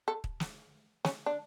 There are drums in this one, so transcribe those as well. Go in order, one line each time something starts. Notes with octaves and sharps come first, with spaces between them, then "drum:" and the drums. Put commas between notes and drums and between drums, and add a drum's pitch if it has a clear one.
A4
drum: kick
drum: snare
C#4, drum: snare
D4